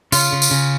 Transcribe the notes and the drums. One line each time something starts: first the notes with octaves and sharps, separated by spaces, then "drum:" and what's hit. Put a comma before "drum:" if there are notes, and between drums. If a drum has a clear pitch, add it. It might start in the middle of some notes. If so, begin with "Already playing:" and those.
C#3 F4, drum: tambourine
C#3
drum: tambourine
C#3